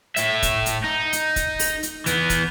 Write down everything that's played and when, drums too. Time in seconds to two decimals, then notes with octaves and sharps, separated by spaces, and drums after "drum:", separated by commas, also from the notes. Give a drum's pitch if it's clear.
0.16 A2 E5, drum: hi-hat
0.43 drum: kick, hi-hat
0.66 drum: hi-hat
0.84 D#4
1.13 drum: hi-hat
1.36 drum: kick, hi-hat
1.59 drum: open hi-hat
1.83 drum: hi-hat
2.06 E3 B3, drum: hi-hat
2.30 drum: kick, hi-hat